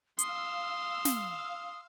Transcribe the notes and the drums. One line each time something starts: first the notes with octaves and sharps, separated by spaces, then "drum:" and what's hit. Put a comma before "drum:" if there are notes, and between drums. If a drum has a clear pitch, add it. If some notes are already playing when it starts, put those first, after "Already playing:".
F5 C6 D#6 E6, drum: hi-hat
drum: snare